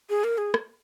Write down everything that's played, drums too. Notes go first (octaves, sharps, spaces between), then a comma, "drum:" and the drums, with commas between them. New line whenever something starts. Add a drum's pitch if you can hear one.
G#4
A#4
G#4
drum: rim click